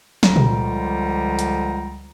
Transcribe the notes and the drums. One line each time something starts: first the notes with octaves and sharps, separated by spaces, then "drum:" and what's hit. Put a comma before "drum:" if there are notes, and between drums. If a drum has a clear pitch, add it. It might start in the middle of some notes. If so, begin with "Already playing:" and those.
C#2 D3 F3 G3 A#5, drum: snare
drum: tom A#2
drum: hi-hat